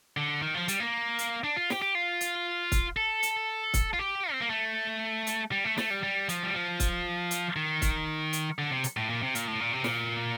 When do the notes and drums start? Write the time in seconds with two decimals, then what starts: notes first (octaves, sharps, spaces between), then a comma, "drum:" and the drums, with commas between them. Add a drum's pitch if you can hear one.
0.17 D3
0.42 D#3
0.55 F3
0.68 G3, drum: hi-hat
0.80 A#3
1.19 drum: hi-hat
1.44 D4
1.56 F4
1.70 G4, drum: snare
1.82 G4
1.95 F4
2.21 drum: hi-hat
2.72 drum: kick, hi-hat
2.97 A4
3.23 drum: hi-hat
3.74 drum: kick, hi-hat
3.93 F4
3.99 G4
4.32 C4
4.41 A#3
4.50 A3
5.27 drum: hi-hat
5.52 G3
5.64 A3
5.78 A3, drum: snare
5.90 G3
6.03 G3
6.29 F3, drum: hi-hat
6.43 G3
6.54 F3
6.80 drum: kick, hi-hat
7.31 drum: hi-hat
7.56 D#3
7.82 drum: kick, hi-hat
8.33 drum: hi-hat
8.58 D3
8.71 C3
8.84 drum: hi-hat
8.97 A2
9.10 A#2
9.22 C3
9.35 A#2, drum: hi-hat
9.47 A2
9.60 A#2
9.73 C3
9.84 A#2, drum: snare